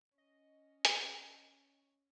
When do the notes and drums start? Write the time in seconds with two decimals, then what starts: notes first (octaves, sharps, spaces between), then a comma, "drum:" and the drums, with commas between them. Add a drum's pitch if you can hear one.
0.18 C#4 D#5
0.85 drum: hi-hat